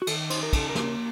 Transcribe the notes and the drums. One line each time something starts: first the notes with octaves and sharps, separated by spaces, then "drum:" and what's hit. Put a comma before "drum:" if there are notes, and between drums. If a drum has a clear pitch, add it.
F#4
D#3 A4, drum: cymbal
D#4 C5, drum: cymbal
A#4
C#3 A4, drum: kick, cymbal
A#4
A#3, drum: snare